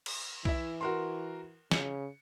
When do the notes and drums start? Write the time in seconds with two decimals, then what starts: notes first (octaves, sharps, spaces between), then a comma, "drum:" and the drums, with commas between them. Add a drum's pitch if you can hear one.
0.06 drum: cymbal
0.45 E3 E4 E5, drum: kick B1
0.81 F#4 A#4 C6
1.71 C#3 C#7, drum: snare